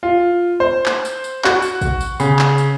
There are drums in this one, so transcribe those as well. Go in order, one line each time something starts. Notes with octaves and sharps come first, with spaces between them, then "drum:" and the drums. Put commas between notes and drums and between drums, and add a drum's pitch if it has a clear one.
F4
C5
drum: clap
drum: tambourine
drum: tambourine
F#4, drum: clap
drum: tambourine
drum: kick, tambourine
drum: tambourine
C#3, drum: tambourine
drum: clap
drum: tambourine